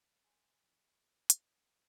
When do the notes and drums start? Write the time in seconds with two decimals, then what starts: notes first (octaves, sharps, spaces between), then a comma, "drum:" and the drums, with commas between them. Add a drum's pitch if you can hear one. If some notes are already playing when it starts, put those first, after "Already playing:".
0.24 G#4 B4 G5 C6
1.30 drum: hi-hat